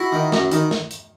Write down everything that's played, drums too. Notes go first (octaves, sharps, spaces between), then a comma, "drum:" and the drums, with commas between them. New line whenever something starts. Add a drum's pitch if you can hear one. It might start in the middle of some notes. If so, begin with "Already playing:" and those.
Already playing: E4 F#4
D#3
F#2, drum: snare
D#3, drum: hi-hat
drum: snare
drum: hi-hat